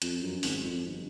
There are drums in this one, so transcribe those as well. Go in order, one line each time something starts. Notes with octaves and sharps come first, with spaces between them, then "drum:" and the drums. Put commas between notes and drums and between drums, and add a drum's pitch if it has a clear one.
F2, drum: hi-hat
F#2
G#1, drum: open hi-hat
F2
G1